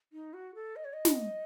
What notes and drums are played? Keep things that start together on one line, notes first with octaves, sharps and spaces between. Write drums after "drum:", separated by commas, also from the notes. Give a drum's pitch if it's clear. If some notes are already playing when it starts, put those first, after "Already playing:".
D#4
F#4
A4
D#5
C#5
D#5
drum: snare